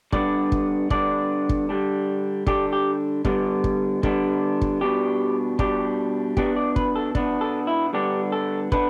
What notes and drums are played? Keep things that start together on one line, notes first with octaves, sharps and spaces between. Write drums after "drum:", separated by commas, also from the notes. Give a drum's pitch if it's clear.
G2 D3 B3 D4 D5, drum: kick
drum: kick
G2 D3 B3 D4 D5, drum: kick
drum: kick
D3 G3 D4
D3 G3 D4 G4, drum: kick
G4
D3 G3 B3 D4, drum: kick
drum: kick
D3 G3 B3 D4, drum: kick
drum: kick
B2 G3 D4 G4
B2 G3 D4 G4, drum: kick
B2 B3 D4 G4, drum: kick
D5
B4, drum: kick
A4
B2 B3 D4, drum: kick
A4
E4
G2 D3 B3 D4 G4
A4
D3 B3 D4 B4, drum: kick